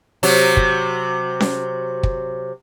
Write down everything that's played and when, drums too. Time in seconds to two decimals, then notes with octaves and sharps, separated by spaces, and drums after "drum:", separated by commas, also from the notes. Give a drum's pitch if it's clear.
0.23 C3 F#3, drum: open hi-hat
0.57 drum: kick
1.40 drum: snare C#4
2.03 drum: kick